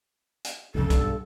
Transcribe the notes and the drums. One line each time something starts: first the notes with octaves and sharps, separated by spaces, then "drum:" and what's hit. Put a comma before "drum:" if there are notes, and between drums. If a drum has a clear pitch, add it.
drum: hi-hat
C2 F2 C#3 A4
B1 G2, drum: kick, hi-hat